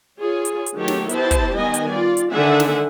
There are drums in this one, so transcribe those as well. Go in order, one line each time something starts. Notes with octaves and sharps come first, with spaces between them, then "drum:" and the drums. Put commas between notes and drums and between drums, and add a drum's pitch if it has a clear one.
F4 G#4 C#5
drum: hi-hat
drum: hi-hat
D#3 F#3 A3 G4 A4 C#5
drum: snare
B3 E4 G4 C5 A5, drum: hi-hat
drum: kick, hi-hat
D#3 G3 B3 D#5 G#5
drum: hi-hat
F4 D5
drum: hi-hat
D3 D#3 E5 F#5 G#5
drum: snare